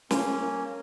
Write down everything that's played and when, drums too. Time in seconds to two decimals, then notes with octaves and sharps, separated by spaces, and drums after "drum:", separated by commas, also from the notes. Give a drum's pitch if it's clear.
0.11 A#3 C#4, drum: snare